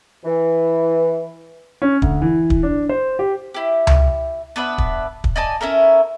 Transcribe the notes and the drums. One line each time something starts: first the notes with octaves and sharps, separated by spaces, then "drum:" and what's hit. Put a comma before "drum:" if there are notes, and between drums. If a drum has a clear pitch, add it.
E3
C#4
D2, drum: kick
E3
drum: kick
D4
C5
G4
E4 G4
drum: tom C#2
B3 D4 B4 E5
drum: kick
drum: kick
D5 D#5 G#5 A5
C#4 E4 A4 A#4